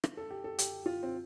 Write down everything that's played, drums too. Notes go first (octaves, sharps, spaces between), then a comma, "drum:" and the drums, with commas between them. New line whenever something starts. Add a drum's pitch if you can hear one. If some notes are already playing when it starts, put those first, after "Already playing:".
drum: rim click
A4
G4
A4
G4, drum: hi-hat
F4
C4